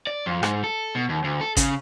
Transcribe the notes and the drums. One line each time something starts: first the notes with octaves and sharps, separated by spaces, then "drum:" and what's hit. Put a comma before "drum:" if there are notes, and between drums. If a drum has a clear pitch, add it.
D5
F2
G#2, drum: rim click
A4
B2
D#2
D2
A4
C#3, drum: kick G#1, hi-hat